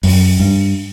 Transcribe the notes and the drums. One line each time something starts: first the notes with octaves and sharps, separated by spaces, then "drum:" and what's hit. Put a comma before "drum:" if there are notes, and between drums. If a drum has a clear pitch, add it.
F#2, drum: open hi-hat
G2